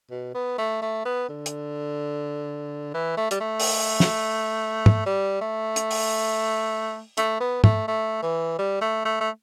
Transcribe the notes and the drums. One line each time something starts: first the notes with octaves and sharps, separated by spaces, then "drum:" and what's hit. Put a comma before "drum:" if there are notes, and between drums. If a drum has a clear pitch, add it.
B2
B3
A3
A3
B3
D3
drum: hi-hat
E3
A3
G3, drum: hi-hat
A3
drum: open hi-hat
drum: snare
drum: tom G#2
G3
A3
drum: hi-hat
drum: open hi-hat
A3, drum: hi-hat
B3
A3, drum: tom G#2
A3
E3
G3
A3
A3
A3